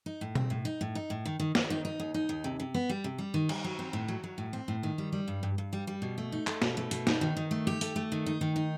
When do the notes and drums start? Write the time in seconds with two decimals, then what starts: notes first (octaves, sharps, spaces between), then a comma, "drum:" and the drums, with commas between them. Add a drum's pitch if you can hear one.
0.06 D#4
0.21 A2
0.35 C4, drum: tom B2
0.50 A2
0.65 D#4
0.81 A2
0.95 D#4
1.10 A2
1.26 D#3
1.40 D#3
1.55 D#3, drum: snare
1.70 D#4
1.85 D#4
2.00 D#2
2.14 D#4
2.29 D#2
2.44 C3
2.60 C3
2.74 B3
2.89 G3
3.04 C3
3.18 G3
3.34 D#3
3.49 G3, drum: cymbal
3.64 F#3
3.79 C4
3.93 A2
4.08 F#3
4.24 F#3
4.38 A2
4.53 C4
4.68 A2
4.83 D#3
4.98 G3
5.12 G3
5.28 G2
5.43 G2
5.58 G2
5.73 G3
5.87 G3
6.02 B2
6.18 A3
6.32 D#4
6.47 A3, drum: clap
6.62 B2, drum: snare
6.77 A3
6.91 B2, drum: hi-hat
7.07 D#4, drum: snare
7.21 D#3
7.37 D#3
7.51 A3
7.67 G4
7.81 A3, drum: hi-hat
7.96 A3
8.12 D#3
8.26 D#4
8.41 D#3
8.56 D#4